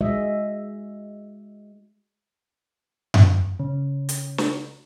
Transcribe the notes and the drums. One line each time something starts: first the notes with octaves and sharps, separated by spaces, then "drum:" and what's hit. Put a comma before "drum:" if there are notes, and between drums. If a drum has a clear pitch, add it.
G#3 F#4 D#5 E5
drum: tom F#2
C#3
drum: hi-hat
drum: snare